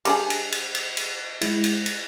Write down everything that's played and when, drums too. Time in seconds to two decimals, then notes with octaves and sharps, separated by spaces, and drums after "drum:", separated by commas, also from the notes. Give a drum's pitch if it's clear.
0.05 G3 D4 G#4, drum: cymbal
0.30 drum: cymbal
0.52 drum: cymbal
0.75 drum: cymbal
0.97 drum: cymbal
1.41 G#3 E4, drum: cymbal
1.64 drum: cymbal
1.86 drum: cymbal